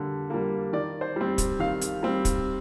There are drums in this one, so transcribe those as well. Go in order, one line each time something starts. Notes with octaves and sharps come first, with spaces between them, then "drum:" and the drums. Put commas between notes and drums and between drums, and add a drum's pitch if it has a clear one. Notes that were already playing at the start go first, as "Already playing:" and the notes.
Already playing: D3 G3 A#3
G3 A#3
D#3 D5
C5
G3 C4
drum: kick, hi-hat
D#3 F5
drum: hi-hat
G3 C4
drum: kick, hi-hat